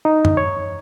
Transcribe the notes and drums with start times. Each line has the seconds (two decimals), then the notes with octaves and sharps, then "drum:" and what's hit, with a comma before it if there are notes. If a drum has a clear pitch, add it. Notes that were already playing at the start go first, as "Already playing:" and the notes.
0.05 D#4
0.25 drum: tom F#2
0.37 C#5